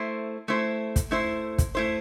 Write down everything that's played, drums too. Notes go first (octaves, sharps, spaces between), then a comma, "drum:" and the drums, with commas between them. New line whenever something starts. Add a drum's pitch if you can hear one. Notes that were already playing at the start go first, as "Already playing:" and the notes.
Already playing: A3 E4 C5
A3 E4 C5
drum: kick, hi-hat
A3 E4 C5
drum: kick, hi-hat
A3 E4 C5